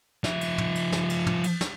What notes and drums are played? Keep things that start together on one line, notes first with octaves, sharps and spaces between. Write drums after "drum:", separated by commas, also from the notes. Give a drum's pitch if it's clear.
F3 E5, drum: snare
drum: cymbal
drum: tom
drum: cymbal
drum: snare
drum: cymbal
drum: tom
drum: cymbal
drum: snare